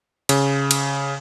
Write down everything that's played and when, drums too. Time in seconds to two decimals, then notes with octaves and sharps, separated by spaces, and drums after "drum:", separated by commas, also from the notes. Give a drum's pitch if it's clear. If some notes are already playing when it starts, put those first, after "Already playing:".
0.29 C#3, drum: cymbal
0.71 drum: cymbal